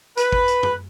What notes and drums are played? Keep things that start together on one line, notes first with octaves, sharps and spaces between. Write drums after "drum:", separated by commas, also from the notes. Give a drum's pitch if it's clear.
B4, drum: hi-hat
drum: kick
drum: hi-hat
drum: tom